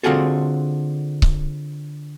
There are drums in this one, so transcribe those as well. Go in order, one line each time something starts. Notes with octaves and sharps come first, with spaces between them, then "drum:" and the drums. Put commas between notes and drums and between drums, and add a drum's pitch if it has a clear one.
D3 C4 F4 F#4 G#4 A4
drum: kick C#1